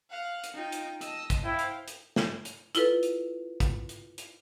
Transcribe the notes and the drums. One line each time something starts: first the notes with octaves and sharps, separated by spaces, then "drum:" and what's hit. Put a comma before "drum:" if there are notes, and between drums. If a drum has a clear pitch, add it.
F5 F#5
drum: hi-hat
D#4 F4 D#5 G5
drum: hi-hat
D#5 A5 E6, drum: hi-hat
drum: kick, hi-hat
E4 C5 F5 G5
drum: hi-hat
drum: hi-hat
drum: snare
drum: hi-hat
E4 F4 A4 B4, drum: hi-hat
drum: hi-hat
drum: kick, hi-hat
drum: hi-hat
drum: hi-hat